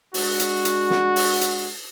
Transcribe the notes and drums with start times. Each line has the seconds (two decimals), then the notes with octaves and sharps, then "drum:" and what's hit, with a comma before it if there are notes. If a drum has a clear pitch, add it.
0.14 G#3 D4 F#4, drum: open hi-hat
0.40 drum: hi-hat
0.65 drum: hi-hat
0.90 drum: snare
1.16 drum: open hi-hat
1.41 drum: hi-hat